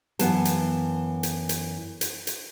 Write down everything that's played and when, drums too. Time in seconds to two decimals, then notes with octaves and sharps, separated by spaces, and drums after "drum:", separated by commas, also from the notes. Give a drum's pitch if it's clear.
0.19 F#2 E3 B3 F5 A5, drum: hi-hat
0.45 drum: hi-hat
1.23 drum: hi-hat
1.49 drum: hi-hat
2.01 drum: hi-hat
2.27 drum: hi-hat